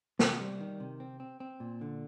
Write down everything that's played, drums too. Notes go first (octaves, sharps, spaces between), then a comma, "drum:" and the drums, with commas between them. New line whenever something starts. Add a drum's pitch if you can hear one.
C3, drum: snare
G3
D#3
C3
C4
C4
C4
A#2
D3